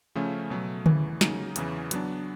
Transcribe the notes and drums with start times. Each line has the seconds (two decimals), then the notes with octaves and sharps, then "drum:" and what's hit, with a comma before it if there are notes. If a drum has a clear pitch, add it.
0.15 C#3 F3 A3 C#4
0.50 B2 F#3 A3
0.86 E2 C#3 E3, drum: tom D3
1.21 C#3 F#3 A#3 D#4, drum: snare
1.56 E2 C#3 E3, drum: hi-hat
1.91 F#3 B3 D4, drum: hi-hat